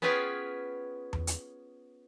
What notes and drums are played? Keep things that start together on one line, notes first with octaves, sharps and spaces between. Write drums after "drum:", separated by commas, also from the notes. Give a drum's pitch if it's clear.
B3 C#4 F4 G#4 B4 G5
drum: tom E2
drum: hi-hat